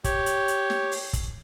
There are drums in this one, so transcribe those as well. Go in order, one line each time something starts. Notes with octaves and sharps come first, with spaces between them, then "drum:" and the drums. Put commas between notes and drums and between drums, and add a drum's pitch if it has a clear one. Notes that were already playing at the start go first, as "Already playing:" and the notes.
G4 C#5, drum: kick, hi-hat
drum: hi-hat
drum: hi-hat
drum: snare
drum: open hi-hat
drum: kick, hi-hat